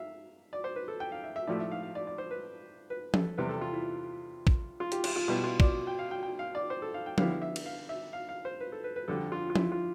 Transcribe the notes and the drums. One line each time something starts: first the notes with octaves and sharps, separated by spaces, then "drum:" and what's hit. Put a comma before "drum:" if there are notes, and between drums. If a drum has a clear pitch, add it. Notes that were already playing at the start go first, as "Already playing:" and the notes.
Already playing: E5 F5
D5
C5
B4
A4
G5
F5
E5
E5
A2 F3 A3 E4 D5
E5
F5
F5
D5
D5
C5
B4
B4
A4, drum: tom F3
E2 C3 G3 B4
A4
F4
E4
drum: kick
F4
G4, drum: hi-hat
F4, drum: cymbal
F4
B2 G3 B3 E4 F4
F4
D5, drum: kick
G5
F5
G5
G5
F5
D5
C5
A4
F5
G5
D3 G3 B3 E4 F5, drum: tom F3
E5
drum: cymbal
F5
E5
F5
F5
C5
B4
A4
B4
B4
F2 D3 G3 A4
F4
F4
E4, drum: tom F3
F4